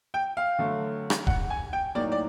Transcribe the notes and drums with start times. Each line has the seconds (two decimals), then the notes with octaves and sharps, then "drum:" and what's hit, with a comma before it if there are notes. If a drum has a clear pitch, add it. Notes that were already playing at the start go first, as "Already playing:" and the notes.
0.14 G5
0.37 F5
0.59 D3 F#3 A3
1.10 drum: rim click
1.27 F#5, drum: kick D#1
1.50 G#5
1.73 G5
1.95 A2 F#3 A#3 D#4 D5
2.12 D5